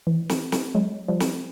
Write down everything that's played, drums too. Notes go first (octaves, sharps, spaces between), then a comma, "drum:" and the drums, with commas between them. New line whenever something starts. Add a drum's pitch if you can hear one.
E3
drum: snare
drum: snare
F#3 G#3
F3 G3
drum: snare